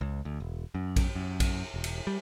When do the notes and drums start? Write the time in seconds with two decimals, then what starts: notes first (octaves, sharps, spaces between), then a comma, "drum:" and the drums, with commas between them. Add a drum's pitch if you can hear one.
0.01 C#2
0.25 D2
0.40 E1
0.75 F#2
0.96 drum: kick A#1, cymbal
1.15 F#2
1.40 drum: kick A#1, cymbal
1.74 E1
1.84 drum: cymbal
2.07 G3